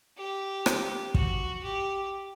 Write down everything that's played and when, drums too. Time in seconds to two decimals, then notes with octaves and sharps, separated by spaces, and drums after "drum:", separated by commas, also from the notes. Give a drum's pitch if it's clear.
0.18 G4
0.66 drum: rim click
1.14 F#4, drum: kick
1.63 G4